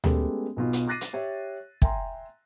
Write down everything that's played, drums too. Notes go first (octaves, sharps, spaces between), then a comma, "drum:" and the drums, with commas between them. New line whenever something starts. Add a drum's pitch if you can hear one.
G#3 A3 B3 C#4 G4 A4, drum: tom D2
B1 B2 F4
drum: hi-hat
D6 F#6 A6 A#6 C7 D#7
drum: hi-hat
G4 C#5 E5
E5 G5 G#5 A#5 C6, drum: kick